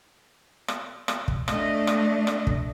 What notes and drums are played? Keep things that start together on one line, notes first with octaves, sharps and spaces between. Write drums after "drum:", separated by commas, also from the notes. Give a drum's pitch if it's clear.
drum: rim click
drum: rim click
drum: kick
A3 D4 D#5, drum: rim click
drum: rim click
drum: rim click
drum: kick